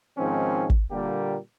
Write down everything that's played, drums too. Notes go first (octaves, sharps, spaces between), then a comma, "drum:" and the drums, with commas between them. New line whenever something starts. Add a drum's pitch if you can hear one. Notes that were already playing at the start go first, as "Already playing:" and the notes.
G#2 D#3 F3 C4 C#4
drum: kick
A#2 D3 G3 A#3 G4